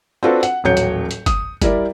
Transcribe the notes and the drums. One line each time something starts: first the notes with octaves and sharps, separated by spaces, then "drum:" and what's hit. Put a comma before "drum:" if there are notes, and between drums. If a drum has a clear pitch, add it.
C4 D4 F4 F#4 A4 B4
F#5, drum: hi-hat
D#1 A1 F#3 C#5 G6 C#7
drum: hi-hat
drum: hi-hat
D#6, drum: kick, hi-hat
G3 E4 A#4 D5, drum: kick, hi-hat